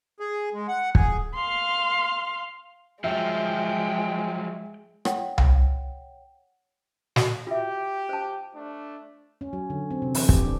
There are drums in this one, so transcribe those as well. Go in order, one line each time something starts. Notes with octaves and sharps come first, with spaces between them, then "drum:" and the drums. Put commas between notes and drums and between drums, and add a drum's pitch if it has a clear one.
G#4
G#3
F#5
G#4, drum: kick
F5 C6
F3 F#3 G#3 E5 G5
C#5 F#5 G5, drum: rim click
drum: tom C2
F#4, drum: snare
F4 G4 E5
C5 A5
A3 D4
C#4
F#3
D3
C4
C3
E3, drum: open hi-hat
G4, drum: kick
D4